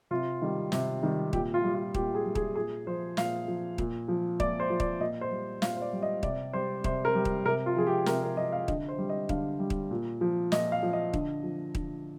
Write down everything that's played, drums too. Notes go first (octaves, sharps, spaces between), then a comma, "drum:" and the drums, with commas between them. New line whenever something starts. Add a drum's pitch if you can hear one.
C3 F4
D#3 G3
C3, drum: snare
D#3 G3
A#2 G4, drum: kick D#1
F4
G3
F4
A#2 G4, drum: kick D#1
G#4
G3
G#4, drum: kick D#1
A#2 G#4
F3 C5
A#2 F5, drum: snare
F3
A#2, drum: kick D#1
F3
A#2 D5, drum: kick D#1
C5
F3
D5, drum: kick D#1
A#2 D#5
C5
G3
A#2 F5, drum: snare
C5
D5
G3
D#5
C3 D5, drum: kick D#1
G3 C5
C3 C5, drum: kick D#1
A#4
G3
drum: kick D#1
C3 A#4
F4
F3 G#4
G4
C3 A#4, drum: snare
A#4
F3 D#5
F5
D3 D#5, drum: kick D#1
C5
G3
D#5
D3 F5, drum: kick D#1
G3
drum: kick D#1
A#2
F3
A#2 D#5, drum: snare
F5
F3
D#5
D3, drum: kick D#1
F3
D3, drum: kick D#1